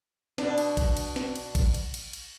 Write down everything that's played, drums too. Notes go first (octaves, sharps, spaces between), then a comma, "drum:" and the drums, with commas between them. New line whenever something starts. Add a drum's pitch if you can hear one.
B2 D4, drum: snare
drum: cymbal
drum: kick, cymbal
drum: cymbal
drum: snare
drum: cymbal
drum: kick, cymbal
drum: cymbal
drum: cymbal
drum: cymbal